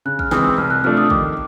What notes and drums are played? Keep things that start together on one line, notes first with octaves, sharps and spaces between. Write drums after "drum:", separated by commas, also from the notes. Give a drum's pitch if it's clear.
C#3 F#6
F6, drum: kick
E3 G#3 C4 D#6, drum: snare
E6
C2 F6
F#6
C3 F3 A3 D4 F6
D#6
D#3 D6, drum: kick